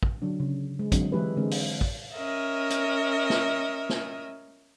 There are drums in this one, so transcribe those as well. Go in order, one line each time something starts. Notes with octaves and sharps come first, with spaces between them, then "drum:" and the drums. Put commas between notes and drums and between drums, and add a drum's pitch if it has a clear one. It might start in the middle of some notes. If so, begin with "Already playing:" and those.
drum: kick
D3 F#3 D4
C#3
G#3
D3 F#3 C4 D4, drum: kick, hi-hat
E3 G#3 E4 G4 G#4 B4
D3 G#3 C4 A#4
drum: open hi-hat
drum: kick
C#4 A#4 D#5 E5
drum: hi-hat
drum: snare
drum: snare